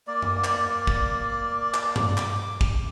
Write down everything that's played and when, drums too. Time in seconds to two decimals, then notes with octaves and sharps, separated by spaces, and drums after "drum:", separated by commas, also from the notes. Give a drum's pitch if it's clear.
0.07 A#3 D5
0.22 drum: tom F#2
0.44 drum: clap
0.87 drum: kick
1.74 drum: clap
1.96 drum: tom G2
2.17 D6, drum: clap
2.61 drum: kick